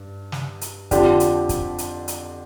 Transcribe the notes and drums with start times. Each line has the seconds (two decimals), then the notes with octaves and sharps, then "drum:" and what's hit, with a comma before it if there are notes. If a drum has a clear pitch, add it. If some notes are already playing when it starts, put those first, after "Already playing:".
Already playing: G2
0.32 drum: snare
0.61 drum: hi-hat
0.91 F2 D3 F3 D4 G4, drum: kick, hi-hat
1.20 drum: hi-hat
1.49 drum: kick, hi-hat
1.78 drum: hi-hat
2.08 drum: hi-hat